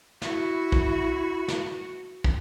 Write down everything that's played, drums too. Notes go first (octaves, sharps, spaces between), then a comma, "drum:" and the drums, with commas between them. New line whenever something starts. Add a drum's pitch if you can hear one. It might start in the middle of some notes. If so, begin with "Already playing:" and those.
E4 F#4, drum: snare
drum: kick
drum: snare
drum: kick